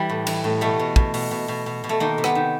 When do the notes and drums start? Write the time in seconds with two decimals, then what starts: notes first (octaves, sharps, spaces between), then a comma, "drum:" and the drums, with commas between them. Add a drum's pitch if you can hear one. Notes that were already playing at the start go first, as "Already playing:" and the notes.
Already playing: E3 G3
0.10 A2
0.27 E3, drum: cymbal
0.44 A2
0.61 B2 A3
0.79 B2
0.96 B2, drum: kick
1.14 B2, drum: open hi-hat
1.31 B2
1.48 B2
1.66 B2
1.84 B2
1.89 A3
2.00 D#3 A#3
2.18 C3
2.24 B3, drum: rim click
2.35 D#3